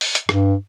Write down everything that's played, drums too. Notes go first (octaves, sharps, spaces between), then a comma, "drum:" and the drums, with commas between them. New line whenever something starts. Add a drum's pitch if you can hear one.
drum: open hi-hat
drum: hi-hat
G2, drum: rim click